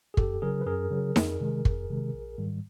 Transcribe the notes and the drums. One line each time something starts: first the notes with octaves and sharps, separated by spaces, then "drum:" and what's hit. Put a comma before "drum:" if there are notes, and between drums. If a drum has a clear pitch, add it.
G#4
F#2 G4 A4, drum: kick
C#3 F#3 G#4 A#4
B4
F#2 G#4 A#4
C#3 F#3
F2, drum: snare D#4
C3 D#3 G#3
F2, drum: kick
C3 D#3 G#3
A#1
G#2 D#3 G3